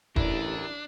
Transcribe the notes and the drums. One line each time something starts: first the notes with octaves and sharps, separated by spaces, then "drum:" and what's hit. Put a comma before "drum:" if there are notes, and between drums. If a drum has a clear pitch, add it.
A1 D4 E4 G4 A#4 D5, drum: kick E1